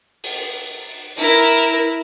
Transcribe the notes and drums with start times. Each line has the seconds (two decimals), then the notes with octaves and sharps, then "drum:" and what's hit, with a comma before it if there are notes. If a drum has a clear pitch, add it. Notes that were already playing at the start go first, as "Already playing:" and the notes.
0.24 drum: open hi-hat
1.18 E4 A#4, drum: tambourine